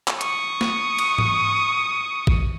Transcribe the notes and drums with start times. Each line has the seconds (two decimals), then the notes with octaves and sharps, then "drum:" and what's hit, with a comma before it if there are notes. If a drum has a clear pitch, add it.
0.08 drum: clap
0.21 C#6 D#6, drum: hi-hat
0.61 drum: snare
0.99 drum: cymbal
1.18 drum: tom G#2
2.27 drum: kick A1